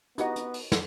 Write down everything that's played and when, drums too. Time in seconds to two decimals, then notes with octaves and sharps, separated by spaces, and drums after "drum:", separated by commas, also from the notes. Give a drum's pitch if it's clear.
0.18 B3 D#4 E4 F#4 G4 D#5 F#5, drum: hi-hat
0.36 drum: hi-hat
0.54 drum: open hi-hat
0.72 drum: snare